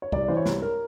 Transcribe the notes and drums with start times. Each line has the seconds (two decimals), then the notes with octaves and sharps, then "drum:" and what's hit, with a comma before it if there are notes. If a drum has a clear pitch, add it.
0.02 C#5
0.12 C2 D5, drum: kick C2
0.28 E3 C5
0.37 C#5
0.46 C2, drum: snare B4
0.62 A#4